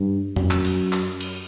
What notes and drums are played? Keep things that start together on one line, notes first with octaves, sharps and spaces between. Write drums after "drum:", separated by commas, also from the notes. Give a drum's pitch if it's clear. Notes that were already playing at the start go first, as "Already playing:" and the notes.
Already playing: G2
F#2, drum: tom F2
drum: clap
drum: cymbal
drum: clap
drum: cymbal